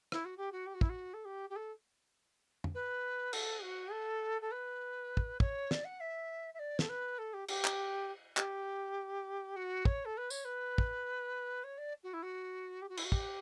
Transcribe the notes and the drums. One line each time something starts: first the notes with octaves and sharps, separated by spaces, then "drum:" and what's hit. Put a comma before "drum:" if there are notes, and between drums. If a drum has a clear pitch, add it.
E4, drum: rim click
F#4
G4
F#4
G4
F#4
E4, drum: kick
F#4
A4
G4
G4
A4
drum: tom
B4
A4, drum: cymbal
F#4
A4
A4
B4
drum: kick
C#5, drum: kick
D5, drum: snare
F#5
E5
E5
D5
A4, drum: snare
B4
A4
G4
G4, drum: cymbal
drum: clap
G4, drum: clap
F#4
C#5, drum: kick
A4
B4
C#5, drum: tambourine
B4
drum: kick
C#5
D5
F#4
E4
F#4
G4
F#4
E4, drum: cymbal
F#4
G4, drum: kick